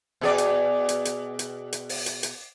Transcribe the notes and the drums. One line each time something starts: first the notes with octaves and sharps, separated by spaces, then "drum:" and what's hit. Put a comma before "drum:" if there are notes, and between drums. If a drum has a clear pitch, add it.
B2 G#4 D5
drum: hi-hat
drum: hi-hat
drum: hi-hat
drum: hi-hat
drum: hi-hat
drum: open hi-hat
drum: hi-hat
drum: hi-hat